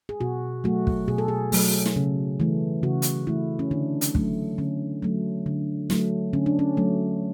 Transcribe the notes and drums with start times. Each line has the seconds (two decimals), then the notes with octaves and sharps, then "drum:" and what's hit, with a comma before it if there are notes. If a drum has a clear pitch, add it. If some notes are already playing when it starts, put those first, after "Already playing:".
0.09 G#4
0.21 B2 F#4
0.64 F#3 A3 F#4
0.87 drum: kick
1.08 B2 G#4
1.18 A4
1.28 G#4
1.52 F#3 A3, drum: open hi-hat
1.85 drum: snare
1.96 C#3
2.40 E3 A3
2.83 C#3 F#4
3.02 drum: hi-hat
3.27 E3 A3 E4
3.59 C#4
3.71 D3 D4
4.01 drum: hi-hat
4.15 F#3 A3, drum: kick
4.58 D3 C#4
5.02 F#3 A3
5.46 D3
5.90 F#3 A3, drum: snare
6.33 D3 C#4
6.46 D4
6.59 C#4
6.77 F#3 A3